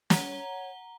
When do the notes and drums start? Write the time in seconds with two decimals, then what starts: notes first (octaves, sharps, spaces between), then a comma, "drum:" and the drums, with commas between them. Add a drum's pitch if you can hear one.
0.10 C#5 F#5 A#5 G7, drum: snare